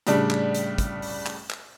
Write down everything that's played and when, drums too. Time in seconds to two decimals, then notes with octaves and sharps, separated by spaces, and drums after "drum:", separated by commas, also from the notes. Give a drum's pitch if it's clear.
0.07 A2 C#3 G3 D4, drum: hi-hat
0.31 drum: clap
0.54 drum: hi-hat
0.78 drum: kick, hi-hat
1.02 drum: open hi-hat
1.26 drum: clap
1.50 drum: clap